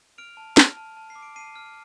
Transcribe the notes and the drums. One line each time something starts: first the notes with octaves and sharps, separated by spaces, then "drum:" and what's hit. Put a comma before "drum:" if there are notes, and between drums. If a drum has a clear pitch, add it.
F6 D7 F7
A5
F6, drum: snare
A5
A5
C7
D6
D7
A5 C7 D#7
F6